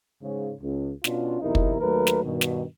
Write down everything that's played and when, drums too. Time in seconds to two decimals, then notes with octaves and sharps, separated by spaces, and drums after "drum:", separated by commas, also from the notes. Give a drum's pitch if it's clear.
0.23 G#2 C#3
0.62 C#2
1.04 B2 C#4 D4 F4, drum: snare
1.42 B1 E2 C3 D#4 E4 A#4
1.55 drum: kick
1.80 D#2 F#3 A3 A#4 B4
2.07 drum: snare
2.24 G2 B2 D#3
2.41 drum: snare